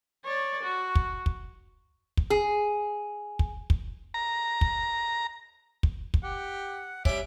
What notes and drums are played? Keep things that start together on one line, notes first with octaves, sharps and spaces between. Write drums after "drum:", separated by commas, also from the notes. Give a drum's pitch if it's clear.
C#5 D5
F#4
drum: kick
drum: kick
drum: kick
G#4
drum: kick
drum: kick
A#5
drum: kick
drum: kick
drum: kick
G4 F#5
G3 C#4 E5 D6, drum: kick